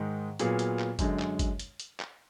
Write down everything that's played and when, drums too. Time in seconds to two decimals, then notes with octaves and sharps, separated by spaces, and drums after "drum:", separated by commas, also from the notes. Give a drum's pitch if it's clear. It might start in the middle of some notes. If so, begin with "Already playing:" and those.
Already playing: G#2 D#3 G#3
0.39 A#2 F#3 B3 F4 G#4, drum: hi-hat
0.59 drum: hi-hat
0.79 drum: clap
0.99 F#2 D3 G#3, drum: kick G1, hi-hat
1.19 drum: clap
1.39 drum: kick G1, hi-hat
1.59 drum: hi-hat
1.80 drum: hi-hat
2.00 drum: clap